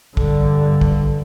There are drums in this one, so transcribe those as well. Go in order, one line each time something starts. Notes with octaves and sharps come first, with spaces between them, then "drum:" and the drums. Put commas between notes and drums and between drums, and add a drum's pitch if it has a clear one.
G2 D3, drum: kick
drum: kick